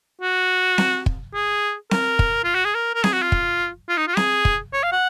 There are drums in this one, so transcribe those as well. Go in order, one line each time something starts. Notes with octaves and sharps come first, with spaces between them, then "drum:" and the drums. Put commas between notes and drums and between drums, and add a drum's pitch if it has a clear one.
F#4
drum: snare C4
drum: kick
G#4
A#4, drum: snare C4
drum: kick
F4
F#4
G#4
A#4
A#4
G#4, drum: snare C4
F#4
F4
drum: kick
F4
D#4
F4
G#4, drum: snare C4
drum: kick
C#5
F5
F#5